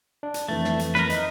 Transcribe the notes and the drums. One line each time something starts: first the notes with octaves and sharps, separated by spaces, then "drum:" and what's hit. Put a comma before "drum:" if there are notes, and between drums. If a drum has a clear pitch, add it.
D4
drum: hi-hat
F2 E3 A3 A6
drum: snare
drum: hi-hat
A#4 B4, drum: snare
D#4 D#5, drum: hi-hat